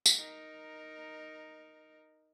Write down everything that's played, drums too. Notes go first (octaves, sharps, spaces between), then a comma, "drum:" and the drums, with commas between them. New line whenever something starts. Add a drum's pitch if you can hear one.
drum: tambourine
D#4 A#4